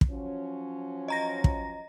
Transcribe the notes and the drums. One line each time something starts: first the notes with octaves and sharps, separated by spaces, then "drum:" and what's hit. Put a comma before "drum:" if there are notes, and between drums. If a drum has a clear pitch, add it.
drum: kick
F3 F#3 C#4
D#5 A#5 A#6
drum: kick